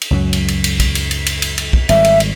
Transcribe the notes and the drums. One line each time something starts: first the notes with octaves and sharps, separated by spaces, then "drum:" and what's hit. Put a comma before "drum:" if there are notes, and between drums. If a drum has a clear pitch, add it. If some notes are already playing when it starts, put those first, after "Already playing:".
drum: cymbal
C#2 F#2 F#3
drum: cymbal
drum: cymbal
drum: cymbal
drum: kick, cymbal
drum: cymbal
drum: cymbal
drum: cymbal
drum: cymbal
drum: cymbal
drum: kick
G#1 G3 E5, drum: cymbal
drum: cymbal
drum: cymbal